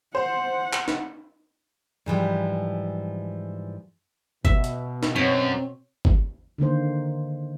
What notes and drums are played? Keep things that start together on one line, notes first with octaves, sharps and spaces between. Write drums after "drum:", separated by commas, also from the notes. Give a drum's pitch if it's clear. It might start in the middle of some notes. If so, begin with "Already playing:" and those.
C5 F#5
drum: clap
drum: snare
G#2 E3 F3 G3
B2 E5, drum: kick G1
drum: hi-hat
drum: snare
F#2 C4 C#5
drum: kick G1
D3 D#3 A#3 C5